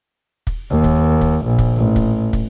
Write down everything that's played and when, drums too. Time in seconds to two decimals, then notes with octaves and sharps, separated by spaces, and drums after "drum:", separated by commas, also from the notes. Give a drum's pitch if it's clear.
0.47 drum: kick
0.71 D#2
0.84 drum: kick
1.21 drum: kick
1.45 A#1
1.59 drum: kick
1.77 A1
1.96 drum: kick
2.33 drum: kick